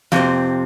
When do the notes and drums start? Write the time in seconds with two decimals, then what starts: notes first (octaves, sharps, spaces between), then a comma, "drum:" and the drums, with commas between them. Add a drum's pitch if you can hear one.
0.12 F2 C3 C4, drum: snare